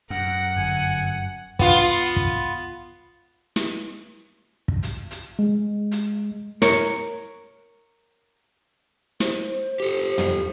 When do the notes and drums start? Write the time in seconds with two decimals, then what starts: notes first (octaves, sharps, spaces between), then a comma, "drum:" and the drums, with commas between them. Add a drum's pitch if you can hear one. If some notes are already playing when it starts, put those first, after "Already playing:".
0.10 F#2 A#4 F#5
0.56 G1 G#5
1.59 B3 F4, drum: kick
2.16 drum: kick
3.56 drum: snare
4.68 drum: kick
4.83 drum: hi-hat
5.11 drum: hi-hat
5.39 G#3
5.92 drum: hi-hat
6.62 A#4 C#5, drum: snare
9.20 C5, drum: snare
9.80 G4 A4
10.18 drum: tom